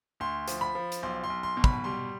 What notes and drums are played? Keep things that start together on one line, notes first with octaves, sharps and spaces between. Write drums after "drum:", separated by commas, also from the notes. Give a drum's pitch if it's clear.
D2 C6
F3, drum: hi-hat
B5
F3
drum: hi-hat
B1 C6
C6
B1
C6
B2
B5, drum: kick
G3 C6